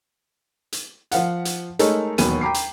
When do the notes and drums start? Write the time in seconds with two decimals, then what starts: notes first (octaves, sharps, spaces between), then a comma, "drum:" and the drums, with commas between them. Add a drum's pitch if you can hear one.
0.72 drum: hi-hat
1.12 F3 F5 F#5, drum: hi-hat
1.45 drum: hi-hat
1.79 G#3 A3 D#4 A4 A#4 C#5, drum: hi-hat
2.18 E1 D#2 F#3 B3 D#7, drum: hi-hat
2.41 G5 A#5 B5 D6 C7
2.54 drum: hi-hat